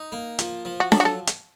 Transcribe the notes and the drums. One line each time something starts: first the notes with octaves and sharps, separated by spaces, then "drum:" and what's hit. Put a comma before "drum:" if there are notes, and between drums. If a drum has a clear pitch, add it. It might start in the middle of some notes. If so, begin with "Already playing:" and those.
Already playing: D#4
A#3
F3, drum: hi-hat
F3
F#4
F#3 A4, drum: snare D4
F#4
A4
drum: hi-hat